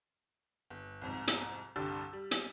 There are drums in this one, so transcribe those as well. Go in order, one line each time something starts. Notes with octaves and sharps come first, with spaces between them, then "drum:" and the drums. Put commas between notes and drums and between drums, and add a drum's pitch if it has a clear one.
G1
C2 F2 G#2
drum: hi-hat
C2 G2 D3 G4 E6 A6
G3
drum: hi-hat